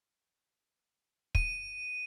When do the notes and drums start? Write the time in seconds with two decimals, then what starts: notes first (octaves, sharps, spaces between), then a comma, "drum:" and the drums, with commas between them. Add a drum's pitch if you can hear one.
1.35 D#7, drum: kick